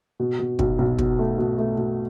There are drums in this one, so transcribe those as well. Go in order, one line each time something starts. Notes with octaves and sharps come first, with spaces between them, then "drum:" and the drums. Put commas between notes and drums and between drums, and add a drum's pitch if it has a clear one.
B2
B2
B1, drum: kick
B1
B2, drum: kick
A3
B2
A3
B2